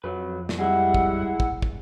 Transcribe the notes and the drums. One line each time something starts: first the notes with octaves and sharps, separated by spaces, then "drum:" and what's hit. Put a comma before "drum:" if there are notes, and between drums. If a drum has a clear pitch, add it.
F2 F#3 B4
drum: snare
G3 G#3 E4 F#5
drum: kick
drum: kick
drum: kick